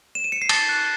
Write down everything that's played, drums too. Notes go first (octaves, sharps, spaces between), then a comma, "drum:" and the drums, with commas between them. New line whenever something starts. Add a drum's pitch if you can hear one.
E7
D#7
C#7
C7
A5 A6, drum: cymbal
F#6